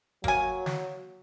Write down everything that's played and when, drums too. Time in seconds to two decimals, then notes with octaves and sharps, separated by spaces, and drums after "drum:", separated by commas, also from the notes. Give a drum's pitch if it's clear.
0.24 F#3 A#3 G#5, drum: kick G1
0.66 drum: snare